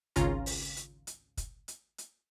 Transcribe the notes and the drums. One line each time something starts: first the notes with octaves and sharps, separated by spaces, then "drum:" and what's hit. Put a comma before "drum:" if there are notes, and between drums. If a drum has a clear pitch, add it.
G#1 C#2 C#3 C#4 F4 A#5, drum: hi-hat
drum: open hi-hat
drum: hi-hat
drum: hi-hat
drum: kick, hi-hat
drum: hi-hat
drum: hi-hat